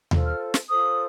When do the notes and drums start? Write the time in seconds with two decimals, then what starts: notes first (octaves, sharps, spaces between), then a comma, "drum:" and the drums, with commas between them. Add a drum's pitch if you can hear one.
0.11 F4 A4 C5, drum: tom D#2
0.25 F6
0.54 drum: snare
0.68 F4 A4 C5 D#6